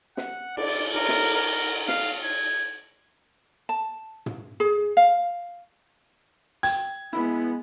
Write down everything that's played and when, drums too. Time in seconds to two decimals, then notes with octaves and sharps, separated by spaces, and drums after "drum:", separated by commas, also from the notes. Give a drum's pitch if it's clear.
0.17 F#5, drum: snare
0.57 D5, drum: cymbal
0.94 A#4, drum: cymbal
1.09 drum: snare
1.34 A#4
1.88 F5, drum: snare
2.24 G#6
3.69 A5
4.26 drum: tom
4.60 G#4
4.97 F5
6.63 G5 G#6, drum: hi-hat
7.13 G#3 B3 E4